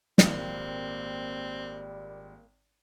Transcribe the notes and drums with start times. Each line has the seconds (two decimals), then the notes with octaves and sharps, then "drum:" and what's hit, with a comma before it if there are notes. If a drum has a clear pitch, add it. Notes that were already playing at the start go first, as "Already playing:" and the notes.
0.18 G#1 A#2 G3 A#3 C4 F5, drum: snare